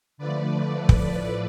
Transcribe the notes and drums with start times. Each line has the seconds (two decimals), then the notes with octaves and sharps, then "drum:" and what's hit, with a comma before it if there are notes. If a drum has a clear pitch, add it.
0.18 D3 F3 A3 B4 D5
0.89 A2 F3 A3, drum: kick